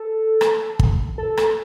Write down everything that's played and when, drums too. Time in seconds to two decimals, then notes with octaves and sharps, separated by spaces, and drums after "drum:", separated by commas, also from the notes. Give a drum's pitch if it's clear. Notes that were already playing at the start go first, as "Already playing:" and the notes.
Already playing: A4
0.41 drum: rim click
0.79 drum: kick
1.18 A4
1.37 drum: rim click